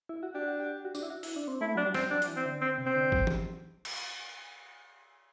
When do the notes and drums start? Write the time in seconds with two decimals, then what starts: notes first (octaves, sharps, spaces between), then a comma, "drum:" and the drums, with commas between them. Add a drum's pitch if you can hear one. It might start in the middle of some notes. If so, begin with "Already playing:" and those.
0.09 E4
0.23 F#4
0.35 D4 G4
0.47 F#4
0.60 G4
0.85 F#4
0.95 D4, drum: tambourine
1.03 E4
1.10 F#4
1.23 E4, drum: open hi-hat
1.36 D4
1.48 C4
1.61 A3 E4
1.75 F#3 D4
1.86 G3
1.94 C4, drum: snare
2.11 F#3 D4
2.22 F#3, drum: hi-hat
2.28 E3
2.37 C4
2.46 D3
2.62 C4
2.78 C3
2.86 C4
2.95 D3
3.12 F#3, drum: kick G#1
3.27 drum: tom E3
3.85 drum: cymbal